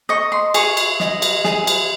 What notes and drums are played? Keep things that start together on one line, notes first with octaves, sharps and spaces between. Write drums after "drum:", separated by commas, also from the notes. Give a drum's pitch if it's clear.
D#5 C#6
C6
G#4 C#6, drum: cymbal
drum: cymbal
D#5, drum: snare
drum: cymbal
G#4, drum: snare
drum: cymbal